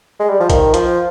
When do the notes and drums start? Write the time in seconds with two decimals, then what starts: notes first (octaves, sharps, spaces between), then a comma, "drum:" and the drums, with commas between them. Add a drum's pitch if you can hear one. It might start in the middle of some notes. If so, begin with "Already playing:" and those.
0.20 G#3
0.29 G3
0.40 F3
0.50 D#3, drum: kick A#1, hi-hat
0.74 F3, drum: hi-hat